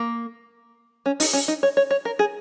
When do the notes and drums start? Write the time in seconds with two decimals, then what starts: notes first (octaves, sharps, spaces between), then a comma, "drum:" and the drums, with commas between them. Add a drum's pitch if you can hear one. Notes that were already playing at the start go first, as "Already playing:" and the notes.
Already playing: A#3
1.06 C#4
1.20 D#4, drum: open hi-hat
1.33 C#4
1.48 D#4
1.63 C#5
1.77 C#5
1.91 C#5
2.05 A#4
2.19 G#4